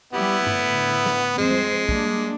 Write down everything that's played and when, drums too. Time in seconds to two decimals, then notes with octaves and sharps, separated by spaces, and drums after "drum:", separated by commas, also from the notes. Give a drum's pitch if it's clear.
0.13 G3 B3 E4 G4
0.47 A2 D3, drum: tom G2
1.06 drum: snare
1.38 F2 G#3 C4 C5
1.51 drum: tom G3
1.89 G3 A#3 D4, drum: kick